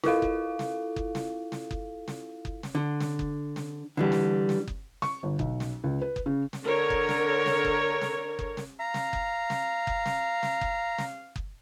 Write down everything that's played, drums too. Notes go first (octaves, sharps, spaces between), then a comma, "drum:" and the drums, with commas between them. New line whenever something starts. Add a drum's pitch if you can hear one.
E4 F4 A4 F5, drum: snare
drum: kick F#1
drum: snare
drum: kick F#1
drum: snare
drum: snare
drum: kick F#1
drum: snare
drum: kick F#1
drum: snare
D3
drum: snare
drum: kick F#1
drum: snare
D3 E3 G3
drum: snare
drum: snare
drum: kick F#1
C#6, drum: snare
G1
B1, drum: kick F#1
drum: snare
C#2
B4
drum: kick F#1
C#3
drum: snare
D3 A#4 C#5
drum: kick F#1
drum: snare
drum: snare
drum: kick F#1
drum: snare
drum: kick F#1
drum: snare
F5 A#5
drum: snare
drum: kick F#1
drum: snare
drum: kick F#1
drum: snare
drum: snare
drum: kick F#1
drum: snare
drum: kick F#1